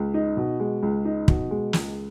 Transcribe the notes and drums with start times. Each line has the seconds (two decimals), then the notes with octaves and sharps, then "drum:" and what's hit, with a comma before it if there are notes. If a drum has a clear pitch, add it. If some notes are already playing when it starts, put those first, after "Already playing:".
Already playing: C#2
0.14 D#4
0.37 B2
0.60 G#3
0.82 C#2
1.05 D#4
1.28 B2, drum: kick
1.51 G#3
1.73 C#2, drum: snare